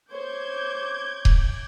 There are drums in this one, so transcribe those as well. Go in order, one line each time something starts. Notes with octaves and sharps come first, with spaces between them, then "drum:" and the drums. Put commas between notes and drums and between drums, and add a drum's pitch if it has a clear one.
C5 C#5 D6 G6 G#6
drum: kick D#1